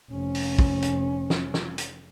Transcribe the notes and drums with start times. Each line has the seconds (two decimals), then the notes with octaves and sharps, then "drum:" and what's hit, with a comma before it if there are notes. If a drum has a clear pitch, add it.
0.11 F1 C#4
0.35 drum: open hi-hat
0.59 drum: kick
0.82 drum: hi-hat
1.30 drum: snare
1.54 drum: snare
1.78 drum: hi-hat